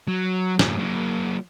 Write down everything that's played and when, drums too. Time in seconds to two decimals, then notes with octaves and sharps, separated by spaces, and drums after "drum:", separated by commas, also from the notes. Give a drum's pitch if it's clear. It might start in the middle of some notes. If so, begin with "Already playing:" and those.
0.08 F#3
0.59 F#2 A2, drum: snare
0.79 F#3 A#3